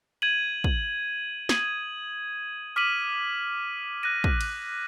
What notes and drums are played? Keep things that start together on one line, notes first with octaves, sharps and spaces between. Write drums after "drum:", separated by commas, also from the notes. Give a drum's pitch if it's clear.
G#6 D#7 F#7
drum: kick
D#6 G#6 D#7 F#7, drum: snare
D6 F6 B6 D#7 F#7
F#6 A#6 D#7
drum: kick
drum: cymbal